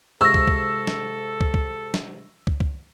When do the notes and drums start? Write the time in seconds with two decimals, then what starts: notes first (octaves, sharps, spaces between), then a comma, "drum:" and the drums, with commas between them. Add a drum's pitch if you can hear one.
0.21 G#2 C3 F4 A4 C#6 E6 A#6
0.34 drum: kick
0.47 drum: kick
0.87 drum: snare
1.41 drum: kick
1.54 drum: kick
1.94 drum: snare
2.47 drum: kick
2.60 drum: kick